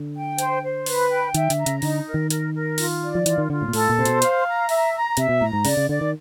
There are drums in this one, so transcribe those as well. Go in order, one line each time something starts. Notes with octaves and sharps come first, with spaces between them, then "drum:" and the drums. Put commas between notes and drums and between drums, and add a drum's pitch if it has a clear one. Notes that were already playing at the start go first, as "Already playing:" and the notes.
Already playing: D3
G5
C5, drum: hi-hat
C5
B4, drum: open hi-hat
G5
D#3 E5, drum: hi-hat
D3, drum: hi-hat
A#5
C#3, drum: hi-hat
D3 D#4, drum: open hi-hat
A#4
D#3
A#4, drum: hi-hat
A#4
F4, drum: open hi-hat
D5
F3
E3 F4, drum: hi-hat
D#3
D3 F4
A2
A#2
A2 A4, drum: open hi-hat
A#2
C3 C5
B2, drum: hi-hat
F5, drum: hi-hat
A#5
E5, drum: open hi-hat
A#5
C3 E5, drum: hi-hat
B2
A2 A#5
G#2
C#3 D5, drum: open hi-hat
C#3
D3 D5
D#3